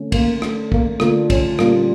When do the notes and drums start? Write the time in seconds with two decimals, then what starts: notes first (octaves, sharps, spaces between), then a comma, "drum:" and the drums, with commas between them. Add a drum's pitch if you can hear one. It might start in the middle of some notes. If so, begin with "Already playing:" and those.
Already playing: D3 A3 C#4
0.12 A#3, drum: kick, cymbal
0.42 A3 D4 A4, drum: rim click
0.72 A#3, drum: kick
1.00 D3 A3 A#3 D4 F4, drum: rim click
1.30 C#4, drum: kick, cymbal
1.59 A#2 G3 A#3 C#4 F4, drum: rim click